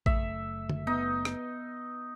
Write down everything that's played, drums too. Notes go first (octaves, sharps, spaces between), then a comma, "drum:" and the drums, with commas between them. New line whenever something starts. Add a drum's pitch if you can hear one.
F#1 A3 E5, drum: kick A1
drum: tom D3
B3 D#4
drum: rim click